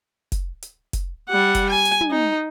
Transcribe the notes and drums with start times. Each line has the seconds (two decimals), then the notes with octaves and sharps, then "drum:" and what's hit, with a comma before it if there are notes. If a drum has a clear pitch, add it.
0.32 drum: kick F1, hi-hat
0.62 drum: hi-hat
0.93 drum: kick F1, hi-hat
1.29 G3 F#5
1.55 drum: kick F1, hi-hat
1.70 G#5
1.85 drum: hi-hat
2.01 drum: tom
2.11 D#4